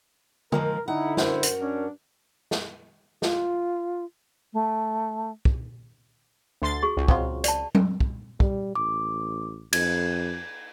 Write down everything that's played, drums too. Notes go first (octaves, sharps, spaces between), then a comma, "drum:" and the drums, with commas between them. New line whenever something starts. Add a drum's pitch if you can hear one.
D#3 F3 G#3 A#4, drum: tom
D3 D#4 E4 F#5
F#2 F#4 A#4 C5, drum: snare
drum: hi-hat
C#4 D4
drum: snare
F4, drum: snare
A3
drum: kick
D2 C6 A6
F#4 G#4 C#6
C#2
F#3 C4 F4, drum: kick
D5 A5, drum: hi-hat
drum: tom F#3
drum: kick
G3, drum: kick
A1 D6
F2 G#6, drum: cymbal